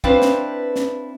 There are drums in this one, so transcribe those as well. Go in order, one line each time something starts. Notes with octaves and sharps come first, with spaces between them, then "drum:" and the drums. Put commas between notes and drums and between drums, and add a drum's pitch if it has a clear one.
C4 D4 E4 B4 C5 F5, drum: kick
drum: snare
drum: snare